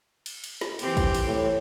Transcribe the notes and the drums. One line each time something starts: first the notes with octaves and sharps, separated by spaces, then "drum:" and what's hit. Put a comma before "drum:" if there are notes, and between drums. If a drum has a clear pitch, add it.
drum: cymbal
drum: cymbal
drum: snare
E3 C4 G4, drum: cymbal
drum: kick, cymbal
drum: cymbal
A2